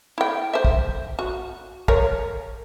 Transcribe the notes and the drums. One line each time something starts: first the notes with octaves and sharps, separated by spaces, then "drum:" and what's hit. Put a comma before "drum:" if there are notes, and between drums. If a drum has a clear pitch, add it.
E4 G5
C5 E5
drum: kick
F#4
A#4 C#5, drum: kick